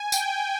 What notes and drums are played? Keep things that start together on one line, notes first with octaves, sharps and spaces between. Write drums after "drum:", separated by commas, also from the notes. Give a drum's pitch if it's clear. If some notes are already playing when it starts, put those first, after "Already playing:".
Already playing: G#5
G5, drum: tambourine